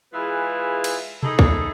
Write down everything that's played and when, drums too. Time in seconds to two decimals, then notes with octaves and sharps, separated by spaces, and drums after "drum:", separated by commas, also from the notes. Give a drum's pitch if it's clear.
0.13 E3 G#3 E4 F4 G#4 B4
0.84 drum: cymbal
1.23 A3 D#4 E4 G#4 A4, drum: tom B2
1.39 drum: kick